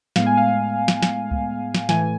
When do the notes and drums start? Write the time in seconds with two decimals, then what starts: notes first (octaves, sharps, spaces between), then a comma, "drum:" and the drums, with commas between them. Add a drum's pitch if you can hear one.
0.16 A2 G#3 B3 F5, drum: snare
0.26 G#5
0.37 F5
0.88 drum: snare
1.03 drum: snare
1.31 drum: kick C#2
1.75 drum: snare
1.89 A2 E3 A3 G#5, drum: snare